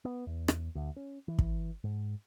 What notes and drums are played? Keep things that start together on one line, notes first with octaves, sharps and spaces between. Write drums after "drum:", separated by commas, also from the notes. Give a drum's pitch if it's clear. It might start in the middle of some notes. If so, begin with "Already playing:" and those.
B3
E2
drum: rim click
D2
C#4
E3
drum: kick
G#2